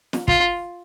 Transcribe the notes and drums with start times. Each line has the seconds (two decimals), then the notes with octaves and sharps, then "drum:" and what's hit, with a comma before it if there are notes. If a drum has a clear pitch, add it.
0.13 drum: snare
0.28 F4, drum: kick